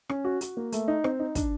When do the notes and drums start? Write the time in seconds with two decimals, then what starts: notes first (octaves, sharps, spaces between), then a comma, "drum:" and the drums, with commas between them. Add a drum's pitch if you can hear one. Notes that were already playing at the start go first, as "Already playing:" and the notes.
0.09 C#4, drum: rim click
0.24 F#4
0.41 F#4, drum: hi-hat
0.57 A#3
0.72 A3, drum: hi-hat
0.88 D#4
1.04 C4, drum: rim click
1.19 D#4
1.35 D4, drum: kick, hi-hat